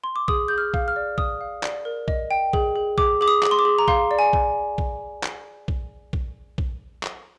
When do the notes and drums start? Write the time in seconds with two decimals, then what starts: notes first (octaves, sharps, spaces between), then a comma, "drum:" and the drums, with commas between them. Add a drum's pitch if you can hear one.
0.04 C6
0.16 D6
0.28 G#4 D#6, drum: kick A#1
0.48 G#4 G6
0.58 F6
0.74 F5, drum: kick A#1
0.88 F6
0.96 D5
1.18 F5 D#6, drum: kick A#1
1.41 F5
1.63 D5, drum: clap
1.85 A#4
2.08 D#5, drum: kick A#1
2.31 G5
2.53 G#4, drum: kick A#1
2.76 G#4
2.98 G#4 D6, drum: kick A#1
3.21 G#4 D6
3.28 D#6
3.43 G#4, drum: clap
3.51 C6
3.59 D6
3.65 G#4
3.79 A#5
3.88 F5 C6, drum: kick A#1
4.11 D5
4.19 G#5
4.33 drum: kick A#1
4.78 drum: kick A#1
5.23 drum: clap
5.68 drum: kick A#1
6.13 drum: kick A#1
6.58 drum: kick A#1
7.03 drum: clap